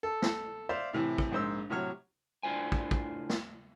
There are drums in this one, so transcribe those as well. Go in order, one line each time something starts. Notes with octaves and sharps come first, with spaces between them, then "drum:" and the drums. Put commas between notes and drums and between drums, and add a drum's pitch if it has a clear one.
A4
drum: snare
C5 D5 E5 F5
A2 C3 E3
drum: kick
A#1 G#2 C5 E6
A2 C3 F#3 C#5 F6
A2 D4 F4 C5 G#5
drum: kick
drum: kick
drum: snare